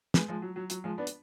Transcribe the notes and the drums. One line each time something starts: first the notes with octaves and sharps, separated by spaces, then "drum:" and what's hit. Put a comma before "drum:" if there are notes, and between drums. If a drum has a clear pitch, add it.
G#3 B3, drum: snare
F3 G#3
F#3
F#3
F#3, drum: hi-hat
F3 G#3
B3 D4
drum: hi-hat